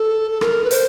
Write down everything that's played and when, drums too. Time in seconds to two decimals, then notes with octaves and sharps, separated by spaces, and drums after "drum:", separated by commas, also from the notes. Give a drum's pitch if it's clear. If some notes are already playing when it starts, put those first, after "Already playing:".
Already playing: A4
0.31 A4
0.41 A#4, drum: rim click
0.64 B4
0.71 C5, drum: hi-hat